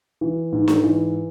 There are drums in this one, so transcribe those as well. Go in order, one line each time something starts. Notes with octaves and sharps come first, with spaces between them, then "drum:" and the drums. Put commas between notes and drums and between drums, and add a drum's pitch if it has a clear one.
E3
G#2
drum: snare
E3